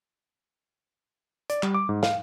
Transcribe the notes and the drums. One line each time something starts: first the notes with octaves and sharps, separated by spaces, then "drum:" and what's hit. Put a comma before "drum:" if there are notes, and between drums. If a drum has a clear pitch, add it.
D5, drum: hi-hat
G3, drum: clap
D6
G#2
F5, drum: snare